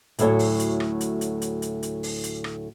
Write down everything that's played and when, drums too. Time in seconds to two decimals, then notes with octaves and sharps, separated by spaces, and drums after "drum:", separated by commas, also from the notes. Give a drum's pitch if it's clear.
0.19 D2 A2 F#3 E4 A4 C#5, drum: hi-hat
0.39 drum: open hi-hat
0.60 drum: hi-hat
0.80 drum: rim click
1.01 drum: hi-hat
1.21 drum: hi-hat
1.42 drum: hi-hat
1.62 drum: hi-hat
1.83 drum: hi-hat
2.03 drum: open hi-hat
2.24 drum: hi-hat
2.44 drum: rim click